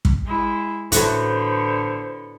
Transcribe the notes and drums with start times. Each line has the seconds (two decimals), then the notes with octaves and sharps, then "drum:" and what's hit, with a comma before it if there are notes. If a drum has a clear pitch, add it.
0.05 drum: kick
0.25 G#3 E4
0.92 A1 A2 D3 B3 E4 F#4 C5, drum: hi-hat